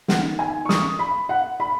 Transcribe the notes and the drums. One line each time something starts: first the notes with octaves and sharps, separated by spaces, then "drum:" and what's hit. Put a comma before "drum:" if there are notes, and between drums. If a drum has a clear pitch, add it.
D#3 B3 F#5, drum: snare
G#5
C#6
D#6, drum: snare
B5
F#5
B5